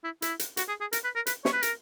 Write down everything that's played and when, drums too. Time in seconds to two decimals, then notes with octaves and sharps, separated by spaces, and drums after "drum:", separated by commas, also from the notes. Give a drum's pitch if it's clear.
0.04 E4
0.22 E4, drum: hi-hat
0.39 drum: hi-hat
0.57 F#4, drum: hi-hat
0.68 G#4
0.81 G#4
0.93 A#4, drum: hi-hat
1.04 B4
1.15 A#4
1.27 B4, drum: hi-hat
1.45 C#5, drum: snare
1.53 B4
1.63 A#4, drum: hi-hat